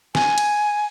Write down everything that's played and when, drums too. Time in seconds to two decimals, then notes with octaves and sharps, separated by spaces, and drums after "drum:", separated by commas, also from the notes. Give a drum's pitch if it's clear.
0.15 G#5, drum: snare
0.38 drum: cymbal